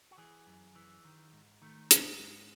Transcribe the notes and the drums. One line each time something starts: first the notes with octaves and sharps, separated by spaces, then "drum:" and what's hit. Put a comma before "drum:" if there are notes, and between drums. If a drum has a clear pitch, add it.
F#4
E3 G#4
F#2
E3
D#3
G#2
D#3 A3
G#2 G#3, drum: hi-hat
G#2 G#3